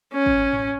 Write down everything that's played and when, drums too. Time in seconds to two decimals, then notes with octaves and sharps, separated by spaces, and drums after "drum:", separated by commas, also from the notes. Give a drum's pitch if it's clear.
0.13 C#4
0.26 drum: kick
0.53 drum: tom G#2